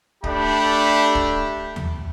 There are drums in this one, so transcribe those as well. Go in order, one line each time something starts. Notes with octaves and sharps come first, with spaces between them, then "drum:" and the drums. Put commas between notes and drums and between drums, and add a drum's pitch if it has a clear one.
A3 D4 G4 B5, drum: kick
drum: kick
drum: tom D#2